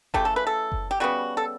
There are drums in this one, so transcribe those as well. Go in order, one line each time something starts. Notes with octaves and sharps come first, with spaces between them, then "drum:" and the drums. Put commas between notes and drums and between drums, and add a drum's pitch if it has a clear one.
C#3 E3 A3 G4, drum: kick F#1
A4
B4
A4
drum: kick F#1
G4
C#3 G3 B3 F#4
A4